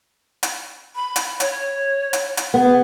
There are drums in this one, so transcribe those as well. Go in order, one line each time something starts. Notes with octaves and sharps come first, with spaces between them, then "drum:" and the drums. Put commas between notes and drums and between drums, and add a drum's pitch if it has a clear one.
drum: hi-hat
B5
drum: hi-hat
C#5, drum: hi-hat
drum: hi-hat
drum: hi-hat
B3 G#4